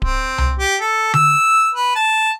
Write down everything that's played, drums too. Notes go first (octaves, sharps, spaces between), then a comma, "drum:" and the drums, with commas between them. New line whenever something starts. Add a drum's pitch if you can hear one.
C4, drum: kick D1
drum: tom C2
G4
A4
E6, drum: tom D3
B4
A5